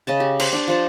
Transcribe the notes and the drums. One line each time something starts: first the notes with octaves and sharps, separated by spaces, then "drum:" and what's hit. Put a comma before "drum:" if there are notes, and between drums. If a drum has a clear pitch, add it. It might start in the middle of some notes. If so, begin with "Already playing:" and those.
C#3 D#5 A5
G4
C5, drum: cymbal
D4 G5 D6
F3 C5 A5